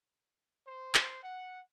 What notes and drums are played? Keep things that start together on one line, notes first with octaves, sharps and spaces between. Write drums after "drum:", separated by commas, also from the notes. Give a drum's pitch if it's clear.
C5
drum: clap
F#5